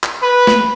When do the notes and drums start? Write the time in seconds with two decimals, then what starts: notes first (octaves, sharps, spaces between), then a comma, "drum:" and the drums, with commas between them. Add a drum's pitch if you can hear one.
0.03 drum: clap
0.22 B4
0.47 drum: snare